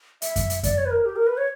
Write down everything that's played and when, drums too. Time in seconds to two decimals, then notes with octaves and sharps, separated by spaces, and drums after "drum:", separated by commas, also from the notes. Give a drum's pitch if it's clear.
0.22 E5, drum: hi-hat
0.36 drum: kick F#2, hi-hat
0.50 drum: hi-hat
0.63 D5, drum: kick F#2, hi-hat
0.78 C#5
0.86 B4
0.91 A#4
1.06 G4
1.16 A#4
1.27 B4
1.37 C#5